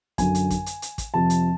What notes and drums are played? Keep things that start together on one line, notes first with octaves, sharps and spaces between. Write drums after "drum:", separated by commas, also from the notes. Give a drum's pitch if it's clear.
F#2 D3 F#3 G#5, drum: kick, hi-hat
drum: hi-hat
drum: kick, hi-hat
drum: hi-hat
drum: hi-hat
drum: kick, hi-hat
F2 C3 F3 A5
drum: hi-hat